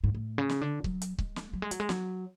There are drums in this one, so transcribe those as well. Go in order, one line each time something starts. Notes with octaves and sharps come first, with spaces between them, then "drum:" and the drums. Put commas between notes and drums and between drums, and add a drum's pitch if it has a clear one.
G#2
A2
C#3
drum: snare
D3
F#3, drum: kick C#1
drum: hi-hat
G#3, drum: kick C#1
drum: snare
F#3
G#3
F#3, drum: hi-hat
G#3
F#3, drum: snare